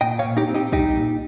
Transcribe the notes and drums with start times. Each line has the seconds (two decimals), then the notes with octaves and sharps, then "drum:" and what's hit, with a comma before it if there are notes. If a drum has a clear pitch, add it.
0.01 A#2 D#5 G5
0.19 C#5 F5
0.24 A#2
0.37 D#4 G4
0.49 C4
0.54 D#4 G4
0.72 G3 D#4 G4, drum: kick
0.97 A#2